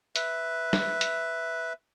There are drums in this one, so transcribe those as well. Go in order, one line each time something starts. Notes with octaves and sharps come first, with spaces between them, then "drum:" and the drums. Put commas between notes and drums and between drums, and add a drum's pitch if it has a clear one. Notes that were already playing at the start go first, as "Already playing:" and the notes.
B4 E5, drum: hi-hat
drum: snare
drum: hi-hat